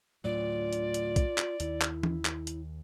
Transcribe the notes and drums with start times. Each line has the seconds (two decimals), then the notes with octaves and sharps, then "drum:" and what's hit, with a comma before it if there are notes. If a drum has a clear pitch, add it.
0.24 D2 A2 F#3 F4 D5
0.73 drum: hi-hat
0.94 drum: hi-hat
1.16 drum: kick, hi-hat
1.38 drum: clap
1.60 D#2 E4, drum: hi-hat
1.82 drum: clap
2.03 drum: tom E3
2.25 drum: clap
2.47 drum: hi-hat